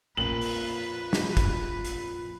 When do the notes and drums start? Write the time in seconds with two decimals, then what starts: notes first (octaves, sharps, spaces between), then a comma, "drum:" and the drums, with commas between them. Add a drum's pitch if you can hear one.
0.17 A#1 F2 A#2 B4 F#7
0.41 drum: open hi-hat
1.13 drum: snare
1.37 drum: kick, hi-hat
1.85 drum: hi-hat